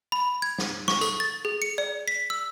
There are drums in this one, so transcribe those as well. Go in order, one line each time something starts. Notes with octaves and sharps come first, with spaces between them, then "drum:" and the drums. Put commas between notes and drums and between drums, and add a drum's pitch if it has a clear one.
B5
G#6
drum: snare
C#6, drum: snare
A4, drum: tambourine
A6
G#4
C#7
D5
B6
E6